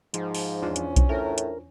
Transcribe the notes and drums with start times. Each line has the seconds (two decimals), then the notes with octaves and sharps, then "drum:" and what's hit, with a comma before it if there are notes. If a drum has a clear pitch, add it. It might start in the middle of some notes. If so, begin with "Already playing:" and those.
0.14 G#2 F3, drum: hi-hat
0.35 drum: open hi-hat
0.62 E2 C#4 D4 F4 C5
0.76 drum: hi-hat
0.96 drum: kick B1, hi-hat
1.09 A2 A#4
1.38 drum: hi-hat